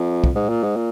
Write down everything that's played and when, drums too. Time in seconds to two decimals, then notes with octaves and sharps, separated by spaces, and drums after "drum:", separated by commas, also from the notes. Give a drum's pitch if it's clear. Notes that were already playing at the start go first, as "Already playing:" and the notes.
Already playing: F2
0.24 drum: kick
0.35 G#2
0.49 A#2
0.63 G#2
0.76 A#2